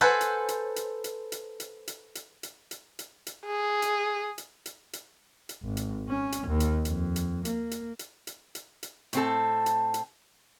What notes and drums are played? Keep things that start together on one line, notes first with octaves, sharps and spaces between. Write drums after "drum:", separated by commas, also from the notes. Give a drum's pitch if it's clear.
A4 B4 C5 F#5 G#5
drum: hi-hat
drum: hi-hat
drum: hi-hat
drum: hi-hat
drum: hi-hat
drum: hi-hat
drum: hi-hat
drum: hi-hat
drum: hi-hat
drum: hi-hat
drum: hi-hat
drum: hi-hat
G#4
drum: hi-hat
drum: hi-hat
drum: hi-hat
drum: hi-hat
drum: hi-hat
G#1
drum: hi-hat
C#4
drum: hi-hat
D#2
drum: hi-hat
F2, drum: hi-hat
drum: hi-hat
A#3, drum: hi-hat
drum: hi-hat
drum: hi-hat
drum: hi-hat
drum: hi-hat
drum: hi-hat
A2 C4 A4, drum: hi-hat
drum: hi-hat
drum: hi-hat